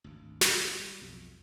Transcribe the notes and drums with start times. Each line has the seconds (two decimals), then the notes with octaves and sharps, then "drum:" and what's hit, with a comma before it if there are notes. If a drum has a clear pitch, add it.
0.04 G#1 D2
0.41 drum: snare
0.80 G3
1.01 B1 F2